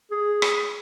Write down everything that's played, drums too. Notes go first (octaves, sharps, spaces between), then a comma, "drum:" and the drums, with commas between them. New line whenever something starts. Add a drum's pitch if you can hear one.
G#4
drum: rim click